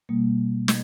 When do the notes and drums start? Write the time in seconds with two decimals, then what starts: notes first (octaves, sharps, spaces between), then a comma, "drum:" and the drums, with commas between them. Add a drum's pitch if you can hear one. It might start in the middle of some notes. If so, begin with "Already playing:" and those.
0.09 B2 G3 A#3
0.68 drum: snare